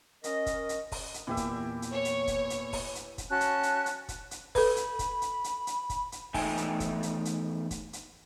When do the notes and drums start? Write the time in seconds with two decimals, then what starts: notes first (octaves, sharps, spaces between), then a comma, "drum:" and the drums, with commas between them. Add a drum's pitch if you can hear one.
0.24 C#4 A#4 D#5, drum: hi-hat
0.46 drum: kick, hi-hat
0.69 drum: hi-hat
0.92 drum: kick, open hi-hat
1.14 drum: hi-hat
1.27 E2 A#2 E3 G4 E5
1.37 drum: kick, hi-hat
1.82 drum: hi-hat
1.92 C#5
2.05 drum: hi-hat
2.27 drum: kick, hi-hat
2.50 drum: hi-hat
2.73 drum: kick, open hi-hat
2.95 drum: hi-hat
3.18 drum: kick, hi-hat
3.30 C#4 F#4 A5 F#6
3.41 drum: hi-hat
3.63 drum: hi-hat
3.86 drum: hi-hat
4.08 drum: kick, hi-hat
4.31 drum: hi-hat
4.55 A4 B4 B5, drum: kick, open hi-hat
4.76 drum: hi-hat
4.99 drum: kick, hi-hat
5.22 drum: hi-hat
5.44 drum: hi-hat
5.67 drum: hi-hat
5.90 drum: kick, hi-hat
6.12 drum: hi-hat
6.34 E2 A3 D#4 E5 G5 G#5, drum: kick, open hi-hat
6.57 drum: hi-hat
6.80 drum: kick, hi-hat
7.03 drum: hi-hat
7.25 drum: hi-hat
7.71 drum: kick, hi-hat
7.93 drum: hi-hat